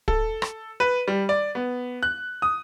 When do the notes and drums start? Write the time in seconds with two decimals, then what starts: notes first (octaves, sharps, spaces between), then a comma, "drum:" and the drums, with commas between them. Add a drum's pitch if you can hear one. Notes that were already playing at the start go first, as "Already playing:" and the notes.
0.08 A4, drum: kick
0.42 drum: rim click
0.80 B4
1.08 G3
1.29 D5
1.55 B3
2.03 F#6
2.42 D#6